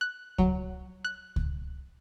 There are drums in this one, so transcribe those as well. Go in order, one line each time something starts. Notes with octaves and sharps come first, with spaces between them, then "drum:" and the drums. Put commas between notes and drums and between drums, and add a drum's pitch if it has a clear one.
F#6
F#3, drum: kick C#2
F#6
drum: kick C#2